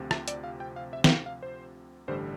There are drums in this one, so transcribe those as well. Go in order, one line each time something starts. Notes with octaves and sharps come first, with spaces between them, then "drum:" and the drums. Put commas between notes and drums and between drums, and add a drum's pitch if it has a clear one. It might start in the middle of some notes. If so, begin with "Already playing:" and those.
Already playing: D2 C3 F3 C4
E5, drum: rim click
D5, drum: hi-hat
F5
G5
F5
E5
E5, drum: snare
F5
F5
C5
A1 G2 D3 G3 C5